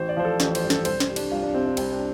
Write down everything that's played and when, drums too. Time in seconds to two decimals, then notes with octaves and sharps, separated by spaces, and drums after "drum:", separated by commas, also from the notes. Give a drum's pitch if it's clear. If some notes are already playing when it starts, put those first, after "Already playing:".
Already playing: A1 C5
0.09 D5
0.17 F3 C5
0.25 A4
0.40 A1, drum: snare
0.55 C5, drum: cymbal
0.62 G2
0.70 A4, drum: snare
0.85 C2 C5, drum: cymbal
1.00 C5, drum: snare
1.08 G3
1.16 D4, drum: cymbal
1.31 C2 F4
1.43 D4
1.54 C3 C4
1.66 D4
1.77 C2 C4, drum: cymbal
1.92 D4